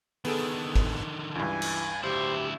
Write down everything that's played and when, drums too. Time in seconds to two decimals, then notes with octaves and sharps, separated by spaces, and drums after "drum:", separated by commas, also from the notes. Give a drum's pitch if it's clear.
0.25 D3 D#3 B3 G#4 A4, drum: open hi-hat
0.75 drum: kick
1.35 C#2 G2 E3 G#5
1.62 drum: cymbal
2.03 D2 E4 G4 C5